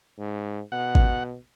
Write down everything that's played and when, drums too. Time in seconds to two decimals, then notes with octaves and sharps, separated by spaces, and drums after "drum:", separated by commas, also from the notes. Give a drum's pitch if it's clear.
0.19 G#2
0.72 B2 F#5
0.95 drum: kick G#1